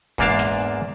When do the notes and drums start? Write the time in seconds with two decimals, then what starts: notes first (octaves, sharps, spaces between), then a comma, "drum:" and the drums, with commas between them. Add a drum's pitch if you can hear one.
0.18 E2 G#2 A#3 D4 F5 A5, drum: kick
0.39 drum: snare